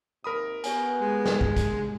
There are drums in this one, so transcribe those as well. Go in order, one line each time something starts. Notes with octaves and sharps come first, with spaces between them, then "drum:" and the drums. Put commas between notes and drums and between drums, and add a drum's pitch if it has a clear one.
D#2 C3 A#4 B5 D#6
B3 G4 C#5 G#5, drum: hi-hat
G#3
drum: snare
drum: kick
drum: kick, hi-hat